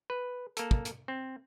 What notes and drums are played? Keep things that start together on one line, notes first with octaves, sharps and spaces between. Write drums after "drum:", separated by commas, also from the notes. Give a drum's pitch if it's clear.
B4
A#3 A4, drum: hi-hat
drum: kick
drum: hi-hat
C4